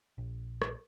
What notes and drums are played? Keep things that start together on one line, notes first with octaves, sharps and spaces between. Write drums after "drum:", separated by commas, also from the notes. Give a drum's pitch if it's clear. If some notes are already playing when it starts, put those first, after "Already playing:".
A#1
drum: rim click